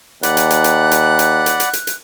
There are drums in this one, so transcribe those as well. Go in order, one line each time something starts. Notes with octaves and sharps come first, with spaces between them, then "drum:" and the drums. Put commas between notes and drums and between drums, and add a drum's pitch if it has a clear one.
D#2 D5 F#5 B5 F#6, drum: hi-hat
drum: hi-hat
drum: hi-hat
drum: hi-hat
drum: hi-hat
drum: hi-hat
drum: hi-hat
drum: hi-hat
drum: hi-hat
drum: hi-hat